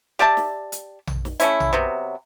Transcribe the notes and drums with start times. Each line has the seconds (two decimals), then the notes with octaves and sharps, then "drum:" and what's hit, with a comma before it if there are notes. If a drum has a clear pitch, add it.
0.19 G4 D5 E5 A5
0.37 drum: snare
0.72 drum: hi-hat
1.07 drum: tom A#1
1.25 drum: snare
1.40 A3 C#4 E4, drum: hi-hat
1.60 drum: tom A#1
1.73 C3 F#3 B3